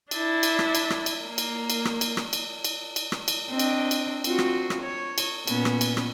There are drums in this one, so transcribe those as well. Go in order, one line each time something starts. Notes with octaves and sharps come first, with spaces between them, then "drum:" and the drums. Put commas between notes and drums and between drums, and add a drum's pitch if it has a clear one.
D4 E4, drum: cymbal
drum: cymbal
drum: rim click
drum: cymbal
drum: rim click
drum: cymbal
A#3
drum: cymbal
drum: cymbal
drum: rim click
drum: cymbal
drum: rim click
drum: cymbal
drum: cymbal
drum: cymbal
drum: rim click
drum: cymbal
C4 D4 D#5
drum: cymbal
drum: cymbal
C4 F4 F#4, drum: cymbal
drum: rim click
drum: rim click
C#5
drum: cymbal
A#2 B3 C#4, drum: cymbal
drum: rim click
drum: cymbal
drum: rim click